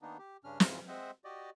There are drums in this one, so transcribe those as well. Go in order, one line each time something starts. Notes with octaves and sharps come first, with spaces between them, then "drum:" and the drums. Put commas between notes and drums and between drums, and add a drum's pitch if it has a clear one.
D#3 A#3 B3 D4 D#4
G4
G2 C#3 C#4 D4 F6
G#2 C#3 E3 F4, drum: snare
G#3 C4 C5 D#5 E5 F#5
F#4 G4 D5 D#5